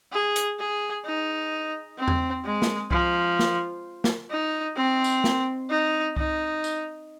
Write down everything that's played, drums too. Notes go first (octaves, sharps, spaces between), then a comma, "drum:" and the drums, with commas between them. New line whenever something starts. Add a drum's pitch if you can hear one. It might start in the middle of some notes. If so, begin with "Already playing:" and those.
G#4
drum: hi-hat
G#4
D#4
C4
drum: tom E2
G#3
drum: snare
F3, drum: kick C2
drum: snare
drum: snare
D#4
C4
drum: tambourine
drum: snare
D#4
D#4, drum: kick C2
drum: tambourine